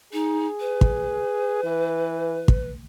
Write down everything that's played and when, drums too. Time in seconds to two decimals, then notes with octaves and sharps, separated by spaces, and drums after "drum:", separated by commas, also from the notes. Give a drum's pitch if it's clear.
0.13 D#4 G#4
0.60 B4
0.81 drum: kick
1.64 E3
2.48 drum: kick